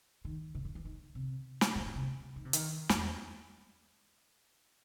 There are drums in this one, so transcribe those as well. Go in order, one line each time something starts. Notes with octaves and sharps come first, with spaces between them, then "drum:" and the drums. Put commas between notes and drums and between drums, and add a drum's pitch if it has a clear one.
D#3
C3
D#3
E3
D#3
C3
drum: snare
B2
A2
C3
D#3
C3
D#3, drum: hi-hat
F#2, drum: snare
E2